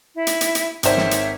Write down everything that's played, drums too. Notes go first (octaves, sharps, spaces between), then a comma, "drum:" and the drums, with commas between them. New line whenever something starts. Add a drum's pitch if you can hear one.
E4
drum: hi-hat
drum: hi-hat
drum: hi-hat
G#1 C5 C#5 E5 G5, drum: hi-hat
drum: snare
drum: hi-hat